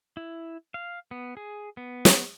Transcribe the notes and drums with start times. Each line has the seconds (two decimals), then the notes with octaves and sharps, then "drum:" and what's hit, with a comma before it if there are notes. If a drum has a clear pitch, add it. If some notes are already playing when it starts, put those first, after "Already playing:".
0.17 E4
0.74 F5
1.11 B3
1.37 G#4
1.77 B3
2.05 drum: snare